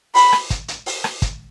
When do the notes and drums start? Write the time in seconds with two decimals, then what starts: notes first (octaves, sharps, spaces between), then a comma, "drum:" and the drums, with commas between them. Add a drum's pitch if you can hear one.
0.15 B5, drum: open hi-hat
0.32 drum: rim click
0.50 drum: kick, hi-hat
0.68 drum: hi-hat
0.86 drum: open hi-hat
1.04 drum: rim click
1.22 drum: kick, hi-hat